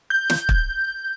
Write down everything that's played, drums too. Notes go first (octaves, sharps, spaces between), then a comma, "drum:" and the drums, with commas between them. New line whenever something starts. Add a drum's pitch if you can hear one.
G6
drum: snare
drum: kick